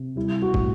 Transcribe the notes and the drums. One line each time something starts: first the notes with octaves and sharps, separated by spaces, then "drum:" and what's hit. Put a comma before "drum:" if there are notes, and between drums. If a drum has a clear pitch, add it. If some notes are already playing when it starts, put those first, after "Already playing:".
Already playing: C3
G3 E4
F#4
A2, drum: kick